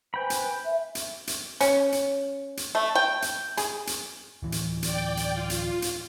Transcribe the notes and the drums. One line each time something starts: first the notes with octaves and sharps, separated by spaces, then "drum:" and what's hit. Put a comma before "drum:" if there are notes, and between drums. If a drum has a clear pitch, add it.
B4 C5 G5 G#5 B5
drum: hi-hat
E5
drum: hi-hat
drum: hi-hat
C#4, drum: hi-hat
drum: hi-hat
drum: hi-hat
A3
G5
drum: hi-hat
G#4, drum: hi-hat
drum: hi-hat
D1 E3
drum: hi-hat
D5 G5, drum: hi-hat
drum: hi-hat
F4
drum: hi-hat
drum: hi-hat